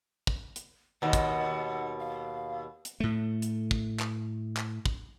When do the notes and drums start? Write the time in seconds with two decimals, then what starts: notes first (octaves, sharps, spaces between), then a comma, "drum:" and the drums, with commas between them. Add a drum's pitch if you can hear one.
0.27 drum: kick
0.56 drum: hi-hat
1.02 D#2 B2 F#5
1.13 drum: kick, hi-hat
1.99 F5
2.85 drum: hi-hat
3.00 A2 A3
3.42 drum: hi-hat
3.71 drum: kick
4.00 drum: clap
4.57 drum: clap
4.86 drum: kick